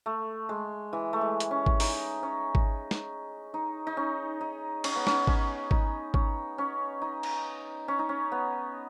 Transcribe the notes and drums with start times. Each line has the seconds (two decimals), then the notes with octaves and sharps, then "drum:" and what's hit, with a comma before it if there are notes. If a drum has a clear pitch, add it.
0.06 A3
0.49 G#3
0.93 E3
1.13 A3
1.21 G#3
1.40 drum: hi-hat
1.51 C#4
1.66 drum: kick G#1
1.80 D#4, drum: open hi-hat
2.23 C#4
2.55 drum: kick G#1
2.91 drum: snare
3.54 D#4
3.87 D#4
3.97 C#4
4.41 D#4
4.84 C#4, drum: cymbal
4.96 B3
5.07 C#4, drum: snare
5.27 C#4, drum: kick G#1
5.71 D#4, drum: kick G#1
6.14 C#4, drum: kick G#1
6.58 C#4
7.02 D#4
7.23 drum: cymbal
7.88 C#4
7.99 D#4
8.09 C#4
8.32 B3